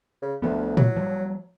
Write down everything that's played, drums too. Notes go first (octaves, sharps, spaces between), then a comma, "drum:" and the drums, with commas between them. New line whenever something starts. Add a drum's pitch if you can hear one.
C#3
D2 F3 A3 B3
F#3, drum: tom A2
F3 G3